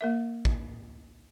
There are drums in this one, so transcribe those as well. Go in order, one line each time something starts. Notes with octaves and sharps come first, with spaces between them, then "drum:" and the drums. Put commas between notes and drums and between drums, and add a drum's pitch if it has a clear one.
A#3 A#4 E5
drum: kick